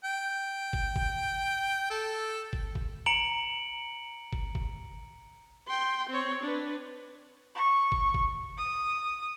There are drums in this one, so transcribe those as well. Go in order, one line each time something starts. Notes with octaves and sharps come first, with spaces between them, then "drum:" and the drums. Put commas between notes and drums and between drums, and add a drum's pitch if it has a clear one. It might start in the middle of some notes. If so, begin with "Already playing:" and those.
G5
drum: kick
drum: kick
A4
drum: kick
drum: kick
A#5 C#7 D7 F#7
drum: kick
drum: kick
G5 C6
C4 C#5
D4 B4
C#6
drum: kick
drum: kick
D#6